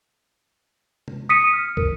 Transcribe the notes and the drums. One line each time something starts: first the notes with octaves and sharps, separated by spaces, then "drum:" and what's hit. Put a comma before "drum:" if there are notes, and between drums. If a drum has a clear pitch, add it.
drum: tom
D#6 B6 C#7 D#7
F6
A#4, drum: kick